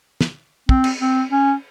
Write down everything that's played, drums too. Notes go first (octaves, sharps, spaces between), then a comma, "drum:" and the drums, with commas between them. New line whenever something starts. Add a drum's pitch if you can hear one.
drum: snare
C4, drum: kick
drum: cymbal
C4
C#4